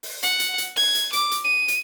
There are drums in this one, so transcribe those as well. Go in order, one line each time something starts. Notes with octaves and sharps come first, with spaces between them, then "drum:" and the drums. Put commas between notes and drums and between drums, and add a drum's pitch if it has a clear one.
drum: open hi-hat
F#5, drum: hi-hat
drum: hi-hat
drum: hi-hat
G#6, drum: open hi-hat
drum: hi-hat
D6, drum: hi-hat
drum: hi-hat
D#7
drum: hi-hat